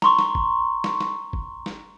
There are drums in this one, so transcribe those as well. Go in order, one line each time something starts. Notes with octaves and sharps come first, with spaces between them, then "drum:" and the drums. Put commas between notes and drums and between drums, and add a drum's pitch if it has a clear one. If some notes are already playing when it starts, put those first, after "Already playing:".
A#5 C6 C#6, drum: snare
drum: snare
drum: kick
drum: snare
drum: snare
drum: kick
drum: snare